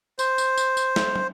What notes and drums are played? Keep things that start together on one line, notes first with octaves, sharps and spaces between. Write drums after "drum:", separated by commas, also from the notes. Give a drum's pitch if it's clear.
C5, drum: tambourine
drum: tambourine
drum: tambourine
drum: tambourine
drum: snare
drum: tom